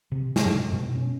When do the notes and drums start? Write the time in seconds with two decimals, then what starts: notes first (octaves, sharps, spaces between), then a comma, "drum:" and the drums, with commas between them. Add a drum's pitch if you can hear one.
0.12 C3
0.36 drum: snare
0.45 F#2
0.73 B2
0.95 C#4